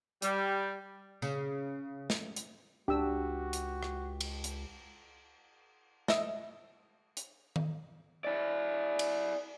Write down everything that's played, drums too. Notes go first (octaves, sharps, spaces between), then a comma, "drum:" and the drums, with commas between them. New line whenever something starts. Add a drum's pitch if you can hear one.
G3, drum: hi-hat
C#3, drum: tambourine
drum: snare
drum: hi-hat
C#2 D4 F#4 G4 E6
drum: hi-hat
drum: rim click
drum: cymbal
drum: hi-hat
D#5 E5, drum: snare
drum: hi-hat
drum: tom D#3
E4 D5
drum: cymbal